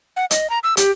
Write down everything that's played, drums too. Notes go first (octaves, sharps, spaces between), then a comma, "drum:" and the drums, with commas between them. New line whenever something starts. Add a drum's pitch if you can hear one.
F#5
D#5, drum: hi-hat
A#5
E6
G4, drum: hi-hat